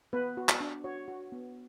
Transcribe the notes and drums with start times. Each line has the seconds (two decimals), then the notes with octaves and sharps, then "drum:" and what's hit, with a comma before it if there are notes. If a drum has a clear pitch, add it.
0.13 B3 B4
0.37 F#4
0.49 drum: clap
0.61 D4
0.84 F#4 C#5
1.08 F#4
1.32 B3